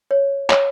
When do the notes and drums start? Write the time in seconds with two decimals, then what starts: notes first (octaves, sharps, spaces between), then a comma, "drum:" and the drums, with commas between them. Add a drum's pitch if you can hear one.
0.11 C#5
0.50 C#5, drum: clap